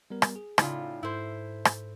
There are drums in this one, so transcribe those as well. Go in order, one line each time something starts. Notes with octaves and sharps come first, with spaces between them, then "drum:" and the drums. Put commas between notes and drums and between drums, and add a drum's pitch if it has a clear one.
G3 B3 A#4
drum: rim click
G#4
A2 C#3 D#4 F4 D5, drum: rim click
G#2 E4 A4 C5 G6
drum: rim click